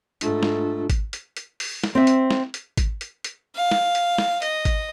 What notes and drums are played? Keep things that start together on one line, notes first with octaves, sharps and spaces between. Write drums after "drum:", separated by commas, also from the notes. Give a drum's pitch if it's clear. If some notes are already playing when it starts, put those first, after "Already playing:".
G#2 A3 D4 F4, drum: hi-hat
drum: snare
drum: kick G#1, hi-hat
drum: hi-hat
drum: hi-hat
drum: open hi-hat
drum: snare
C4 C5 E5
drum: hi-hat
drum: snare
drum: hi-hat
drum: kick G#1, hi-hat
drum: hi-hat
drum: hi-hat
F5
drum: snare
drum: hi-hat
drum: snare
D#5, drum: hi-hat
drum: kick G#1, hi-hat